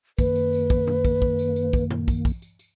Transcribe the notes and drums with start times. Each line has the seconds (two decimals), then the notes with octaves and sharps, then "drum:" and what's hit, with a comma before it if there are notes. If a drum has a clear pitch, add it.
0.19 F#2 D#3 A#3 B4, drum: kick, tambourine
0.36 drum: tambourine
0.53 drum: tambourine
0.70 drum: kick, tambourine
0.87 drum: tom
1.05 drum: kick, tambourine
1.22 drum: kick
1.39 drum: tambourine
1.56 drum: tambourine
1.73 drum: kick, tambourine
1.91 drum: tom A#2
2.08 drum: kick, tambourine
2.25 drum: kick, tambourine
2.42 drum: tambourine
2.59 drum: tambourine